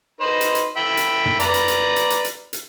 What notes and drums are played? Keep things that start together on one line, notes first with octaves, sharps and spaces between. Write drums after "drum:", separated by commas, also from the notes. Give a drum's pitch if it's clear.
D#4 B4 C5
drum: hi-hat
drum: hi-hat
E5 G5 B5
drum: hi-hat
drum: tom
B4 D5 A#5, drum: hi-hat
drum: hi-hat
drum: hi-hat
drum: hi-hat
drum: hi-hat
drum: hi-hat
drum: hi-hat